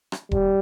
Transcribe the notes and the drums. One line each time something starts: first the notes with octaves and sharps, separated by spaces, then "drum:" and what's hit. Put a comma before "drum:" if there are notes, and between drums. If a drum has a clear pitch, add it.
drum: rim click
G3, drum: kick E1